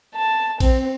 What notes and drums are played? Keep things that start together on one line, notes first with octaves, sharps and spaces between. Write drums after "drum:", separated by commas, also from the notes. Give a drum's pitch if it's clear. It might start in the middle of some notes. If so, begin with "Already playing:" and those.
A5
C4, drum: kick A#1, cymbal